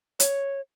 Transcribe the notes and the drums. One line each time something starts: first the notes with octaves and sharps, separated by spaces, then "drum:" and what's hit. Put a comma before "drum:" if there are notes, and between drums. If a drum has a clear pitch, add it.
C#5, drum: hi-hat